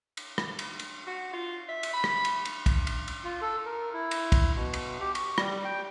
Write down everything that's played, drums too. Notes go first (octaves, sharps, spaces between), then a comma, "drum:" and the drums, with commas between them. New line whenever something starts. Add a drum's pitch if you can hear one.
drum: cymbal
drum: rim click
drum: cymbal
drum: cymbal
F#4
F4
E5
drum: cymbal
B5
drum: rim click
drum: cymbal
drum: cymbal
drum: kick, cymbal
drum: cymbal
drum: cymbal
F4
A4
A#4
E4
drum: cymbal
drum: kick, cymbal
B2
drum: cymbal
G4
C#6, drum: cymbal
G3, drum: rim click
G5